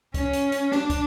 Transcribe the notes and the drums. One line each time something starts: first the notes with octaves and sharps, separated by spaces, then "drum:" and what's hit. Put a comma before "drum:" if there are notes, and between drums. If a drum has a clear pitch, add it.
C#4, drum: kick, hi-hat
drum: hi-hat
drum: hi-hat
D4, drum: snare
drum: kick, hi-hat